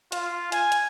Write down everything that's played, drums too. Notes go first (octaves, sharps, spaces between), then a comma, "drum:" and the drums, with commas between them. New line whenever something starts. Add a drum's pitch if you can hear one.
F4, drum: hi-hat
G#5, drum: hi-hat
drum: hi-hat